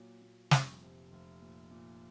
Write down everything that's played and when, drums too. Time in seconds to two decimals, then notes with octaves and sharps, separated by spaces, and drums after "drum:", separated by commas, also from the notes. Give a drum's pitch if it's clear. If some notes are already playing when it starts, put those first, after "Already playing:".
Already playing: A#2 F#3
0.21 A#2
0.51 F1, drum: snare
0.81 C3
1.11 F1
1.41 A#2
1.71 A#2